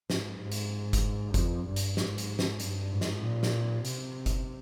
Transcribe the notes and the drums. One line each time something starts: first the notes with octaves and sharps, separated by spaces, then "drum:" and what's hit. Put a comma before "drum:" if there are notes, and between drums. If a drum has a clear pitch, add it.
G#2, drum: snare
G#2
drum: hi-hat
drum: kick F#1, hi-hat
F2, drum: kick F#1, hi-hat
G2
drum: hi-hat
G#2, drum: snare
drum: hi-hat
drum: snare
G2, drum: hi-hat
G#2
drum: snare
A#2
drum: snare
C3, drum: hi-hat
drum: kick F#1, hi-hat